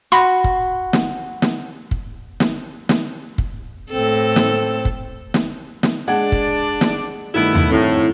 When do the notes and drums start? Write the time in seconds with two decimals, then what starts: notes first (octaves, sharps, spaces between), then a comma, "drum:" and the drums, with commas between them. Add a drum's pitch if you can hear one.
0.12 F#4 B5 C6
0.44 drum: kick
0.93 drum: snare
1.42 drum: snare
1.91 drum: kick
2.40 drum: snare
2.89 drum: snare
3.38 drum: kick
3.91 A2 C4 A4
4.36 drum: snare
4.85 drum: kick
5.34 drum: snare
5.83 drum: snare
6.08 G#3 D4 D5 F#5 G#6
6.32 drum: kick
6.81 drum: snare
7.34 G2 D#3 A3 B3 D4 E4
7.55 drum: tom D#2
7.71 A2 C4 E4